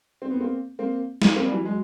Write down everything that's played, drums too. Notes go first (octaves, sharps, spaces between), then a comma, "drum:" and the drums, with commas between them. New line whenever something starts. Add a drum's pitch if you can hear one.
C4
B3
A#3 C4
A#3 C4
drum: snare
A#3 C4
G3
E3 F#3
F#3 G#3